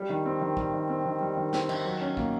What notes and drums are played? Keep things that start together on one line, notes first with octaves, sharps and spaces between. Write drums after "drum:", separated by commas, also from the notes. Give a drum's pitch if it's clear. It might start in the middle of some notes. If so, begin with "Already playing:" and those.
Already playing: G3
D#3
C4
D#3
G3, drum: kick
D#3
C4
D#3
G3
D#3
C4, drum: snare
D#3, drum: cymbal
F#3
C#4
A#3, drum: kick